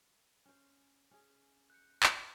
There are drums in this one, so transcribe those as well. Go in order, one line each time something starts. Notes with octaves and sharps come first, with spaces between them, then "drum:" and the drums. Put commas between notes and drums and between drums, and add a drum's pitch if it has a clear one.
C#4 C5
C#4 G#4
F#6 G6 C#7
drum: clap